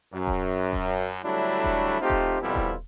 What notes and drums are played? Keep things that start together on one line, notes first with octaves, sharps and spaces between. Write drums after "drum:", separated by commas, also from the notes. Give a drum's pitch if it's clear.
F#2
drum: kick D#1
drum: kick D#1
D3 F#3 G3 A3 D4 E4
drum: kick D#1
A3 C4 D#4 F4 G4
drum: kick D#1
C2 F2 B2 G3 E4 F4
drum: kick D#1